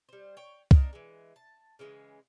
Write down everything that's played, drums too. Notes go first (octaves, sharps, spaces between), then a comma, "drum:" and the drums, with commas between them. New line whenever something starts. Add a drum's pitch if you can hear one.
G3 C5
C#5 G5
A#3 D4 A#4 D#5, drum: kick
E3 G#3
A5
C#3 E3 G#3